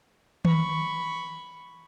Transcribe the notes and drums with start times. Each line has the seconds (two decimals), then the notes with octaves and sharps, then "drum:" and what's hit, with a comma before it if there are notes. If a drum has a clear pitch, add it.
0.45 B5 C#6, drum: tom D#3